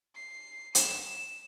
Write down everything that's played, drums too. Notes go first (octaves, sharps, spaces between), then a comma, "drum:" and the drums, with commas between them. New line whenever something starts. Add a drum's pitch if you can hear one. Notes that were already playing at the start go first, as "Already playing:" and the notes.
C7
E7, drum: hi-hat